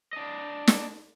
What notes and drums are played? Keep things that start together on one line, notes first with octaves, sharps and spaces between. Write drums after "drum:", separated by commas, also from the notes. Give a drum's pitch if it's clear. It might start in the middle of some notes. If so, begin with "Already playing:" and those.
D4 D#5
drum: snare